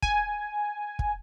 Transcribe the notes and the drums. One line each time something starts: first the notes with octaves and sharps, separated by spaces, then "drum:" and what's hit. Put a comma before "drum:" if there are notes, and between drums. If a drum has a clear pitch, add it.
G#5, drum: kick
drum: kick